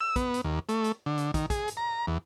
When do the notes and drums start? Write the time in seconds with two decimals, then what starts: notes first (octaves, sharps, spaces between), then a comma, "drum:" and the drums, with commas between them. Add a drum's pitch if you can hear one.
0.01 E6
0.16 B3, drum: kick, hi-hat
0.34 drum: hi-hat
0.44 D#2
0.69 A3, drum: hi-hat
0.84 drum: hi-hat
1.06 D3
1.17 drum: hi-hat
1.34 D#3, drum: kick, hi-hat
1.50 G#4, drum: kick, hi-hat
1.68 drum: hi-hat
1.77 A#5
2.07 E2